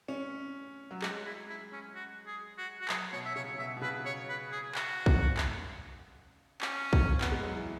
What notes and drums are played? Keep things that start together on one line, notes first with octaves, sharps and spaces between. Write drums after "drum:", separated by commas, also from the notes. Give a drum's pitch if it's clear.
C#4
F#3
G#3 F#4, drum: clap
E4
E4
C#4
F#4
G#4
F#4
F#4
F#3 G#4, drum: clap
B2 C#5
E5
C#3 C#5
B2 E5
B2
C#3 B4
C#5
B4
G#4
F#4, drum: clap
drum: kick
drum: clap
C#4, drum: clap
drum: kick
B3, drum: clap
G#3
F#3
E3